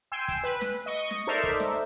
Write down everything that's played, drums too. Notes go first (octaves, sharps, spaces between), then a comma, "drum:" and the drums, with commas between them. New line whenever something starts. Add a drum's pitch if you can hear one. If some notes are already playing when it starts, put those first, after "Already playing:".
G5 G#5 C6 E6
drum: kick, hi-hat
B4, drum: hi-hat
drum: snare
D#5 C#6
drum: snare
D#4 A4 A#4 C5 D5 E5
drum: kick, hi-hat
drum: snare